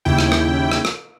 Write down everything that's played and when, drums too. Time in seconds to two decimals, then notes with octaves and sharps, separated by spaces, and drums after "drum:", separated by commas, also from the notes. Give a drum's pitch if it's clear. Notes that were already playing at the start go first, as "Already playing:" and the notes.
0.05 D#2 C#3 E4 G5
0.19 drum: rim click
0.32 drum: rim click
0.71 drum: rim click
0.85 drum: rim click